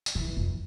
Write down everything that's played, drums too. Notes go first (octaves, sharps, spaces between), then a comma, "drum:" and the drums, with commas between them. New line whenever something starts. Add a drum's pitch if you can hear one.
drum: tambourine
E3
F2